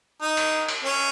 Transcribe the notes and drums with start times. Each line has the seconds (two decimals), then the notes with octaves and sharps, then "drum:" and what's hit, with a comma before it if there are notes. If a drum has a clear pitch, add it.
0.22 D#4
0.37 drum: cymbal
0.69 drum: cymbal
0.84 C#4